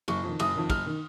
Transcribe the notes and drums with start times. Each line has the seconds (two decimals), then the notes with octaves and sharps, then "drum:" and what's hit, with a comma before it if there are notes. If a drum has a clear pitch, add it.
0.08 F#1 C#6, drum: cymbal
0.23 F2
0.28 D#3
0.39 F#1 D#6, drum: cymbal
0.55 F2 D#3
0.70 F#1 F6, drum: kick, cymbal
0.86 D#3